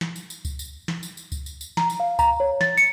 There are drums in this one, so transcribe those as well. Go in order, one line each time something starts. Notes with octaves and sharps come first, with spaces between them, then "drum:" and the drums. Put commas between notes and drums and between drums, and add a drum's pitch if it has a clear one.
drum: snare
drum: tambourine
drum: tambourine
drum: kick C#2, tambourine
drum: tambourine
drum: snare
drum: tambourine
drum: tambourine
drum: kick C#2, tambourine
drum: tambourine
drum: tambourine
A#5, drum: snare
drum: tambourine
F5
A#5, drum: kick C#2, tambourine
C#5
A6, drum: snare
C#7, drum: tambourine